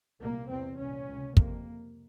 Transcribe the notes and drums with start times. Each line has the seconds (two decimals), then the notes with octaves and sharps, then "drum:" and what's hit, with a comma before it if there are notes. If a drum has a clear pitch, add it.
0.21 C2 A#2 A#3
0.50 E2 C3 C4
0.78 C2 A#2 C#4
1.07 C#2 C3
1.37 F2 C3 A#3, drum: kick